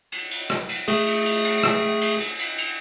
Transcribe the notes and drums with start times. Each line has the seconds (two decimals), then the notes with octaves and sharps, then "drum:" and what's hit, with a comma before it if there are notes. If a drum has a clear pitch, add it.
0.12 drum: cymbal
0.31 drum: cymbal
0.50 drum: rim click
0.69 drum: cymbal
0.88 A3 G#4, drum: cymbal
1.07 drum: cymbal
1.26 drum: cymbal
1.45 drum: cymbal
1.63 drum: rim click
2.01 drum: cymbal
2.20 drum: cymbal
2.39 drum: cymbal
2.58 drum: cymbal